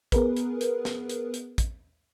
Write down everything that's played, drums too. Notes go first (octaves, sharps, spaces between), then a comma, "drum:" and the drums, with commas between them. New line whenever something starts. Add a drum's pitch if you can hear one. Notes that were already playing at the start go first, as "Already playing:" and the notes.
B3 G#4 A#4 B4, drum: kick, hi-hat
drum: hi-hat
drum: hi-hat
drum: snare
drum: hi-hat
drum: hi-hat
drum: kick, hi-hat